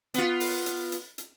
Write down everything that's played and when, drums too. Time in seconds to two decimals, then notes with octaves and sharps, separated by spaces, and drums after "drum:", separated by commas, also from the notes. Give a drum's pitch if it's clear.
0.14 B3 F4, drum: hi-hat
0.40 drum: open hi-hat
0.66 drum: hi-hat
0.92 drum: hi-hat
1.18 drum: hi-hat